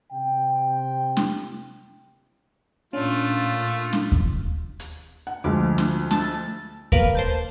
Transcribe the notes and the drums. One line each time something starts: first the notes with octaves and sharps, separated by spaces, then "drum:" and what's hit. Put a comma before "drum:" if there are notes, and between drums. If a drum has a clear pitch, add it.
C3 G5
drum: snare
A#2 A3 C#4 D4 F4
drum: snare
drum: kick D#2
drum: hi-hat
F#5
D2 F3 G#3 D6
drum: snare
A5 E6 A6, drum: snare
A#3 A#4 B4 F5, drum: kick D#2
C5 A5 G6